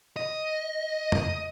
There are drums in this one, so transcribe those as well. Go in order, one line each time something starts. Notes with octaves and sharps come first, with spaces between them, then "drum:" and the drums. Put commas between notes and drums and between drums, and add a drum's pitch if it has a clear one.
D#5
drum: tom F2